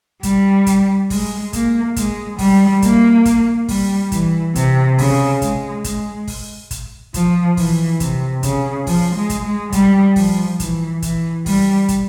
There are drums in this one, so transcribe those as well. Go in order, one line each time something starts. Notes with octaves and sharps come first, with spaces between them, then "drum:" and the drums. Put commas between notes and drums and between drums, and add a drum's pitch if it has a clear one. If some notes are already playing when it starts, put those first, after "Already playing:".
G3, drum: kick, hi-hat
drum: kick, hi-hat
G#3, drum: kick, open hi-hat
A#3, drum: kick, hi-hat
G#3, drum: kick, hi-hat
G3, drum: kick, open hi-hat
A#3, drum: kick, hi-hat
drum: kick, hi-hat
G3, drum: kick, open hi-hat
E3, drum: kick, hi-hat
C3, drum: kick, hi-hat
C#3, drum: kick, open hi-hat
G#3, drum: kick, hi-hat
G#3, drum: kick, hi-hat
drum: kick, open hi-hat
drum: kick, hi-hat
F3, drum: kick, hi-hat
E3, drum: kick, open hi-hat
C3, drum: kick, hi-hat
C#3, drum: kick, hi-hat
F3, drum: kick, open hi-hat
G#3
drum: kick, hi-hat
G#3
G3, drum: kick, hi-hat
F3, drum: kick, open hi-hat
E3, drum: kick, hi-hat
E3, drum: kick, hi-hat
G3, drum: kick, open hi-hat
drum: kick, hi-hat